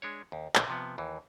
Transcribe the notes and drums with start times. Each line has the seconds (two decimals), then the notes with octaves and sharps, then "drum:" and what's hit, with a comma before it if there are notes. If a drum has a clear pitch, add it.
0.02 G#3 D4 C#5
0.32 D#2
0.55 B1 D3 A#3, drum: clap
0.68 C3 F3 B3
0.98 D#2 E3